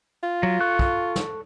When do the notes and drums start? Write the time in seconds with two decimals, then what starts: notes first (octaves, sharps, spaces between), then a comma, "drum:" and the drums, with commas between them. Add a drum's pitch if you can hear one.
0.23 F4
0.43 F#3
0.61 A4 C#6 F#6
0.79 drum: kick
1.16 drum: snare